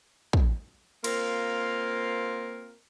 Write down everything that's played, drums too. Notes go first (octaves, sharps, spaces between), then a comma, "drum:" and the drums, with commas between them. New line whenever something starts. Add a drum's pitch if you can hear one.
drum: kick
A#3 C4 F4 A#4, drum: cymbal